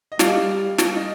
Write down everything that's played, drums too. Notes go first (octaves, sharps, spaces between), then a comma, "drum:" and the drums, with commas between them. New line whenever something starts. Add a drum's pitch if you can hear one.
D#5
G3 D5 F5, drum: snare
drum: snare
D#5